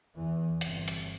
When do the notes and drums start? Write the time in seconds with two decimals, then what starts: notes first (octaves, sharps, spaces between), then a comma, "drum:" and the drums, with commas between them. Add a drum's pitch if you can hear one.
0.15 E2 E3
0.61 G1 C3, drum: hi-hat
0.88 drum: hi-hat